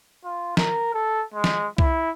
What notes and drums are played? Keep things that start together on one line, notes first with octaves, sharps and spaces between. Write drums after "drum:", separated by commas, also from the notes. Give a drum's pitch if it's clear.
F4
A#4, drum: snare
A4
G#3
drum: snare
E4, drum: kick C2